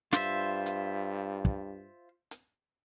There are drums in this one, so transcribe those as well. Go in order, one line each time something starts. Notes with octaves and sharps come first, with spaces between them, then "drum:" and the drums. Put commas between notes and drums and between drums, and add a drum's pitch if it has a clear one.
G2 F4 C5 E5, drum: snare
drum: hi-hat
drum: kick
drum: hi-hat